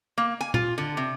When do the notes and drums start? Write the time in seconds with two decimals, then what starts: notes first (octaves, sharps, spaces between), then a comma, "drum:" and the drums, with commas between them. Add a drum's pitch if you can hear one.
0.18 A#3
0.41 G#5
0.54 F4, drum: tom A#2
0.78 D3
0.97 C3